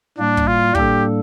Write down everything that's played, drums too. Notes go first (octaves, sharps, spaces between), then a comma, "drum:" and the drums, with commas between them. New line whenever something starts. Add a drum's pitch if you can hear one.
A2 G3 A#3 D4
drum: kick
F4
A2 G3 A#3 D4 G4 A4, drum: kick